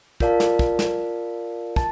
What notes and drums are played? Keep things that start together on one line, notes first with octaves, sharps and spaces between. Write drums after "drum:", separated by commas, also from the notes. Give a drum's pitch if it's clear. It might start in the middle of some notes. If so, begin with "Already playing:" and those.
F4 A#4 D5 F5 A5, drum: kick
drum: snare
drum: kick
drum: snare
A5, drum: kick